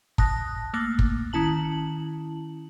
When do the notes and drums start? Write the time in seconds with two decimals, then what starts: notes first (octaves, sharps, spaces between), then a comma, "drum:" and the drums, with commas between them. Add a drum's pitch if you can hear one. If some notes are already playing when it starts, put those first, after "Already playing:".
0.18 A5 D#6 F#6 A#6, drum: kick
0.74 A3 A#3 D6 F#6
0.99 drum: kick
1.33 D#3 C#4 E4 A5 F#7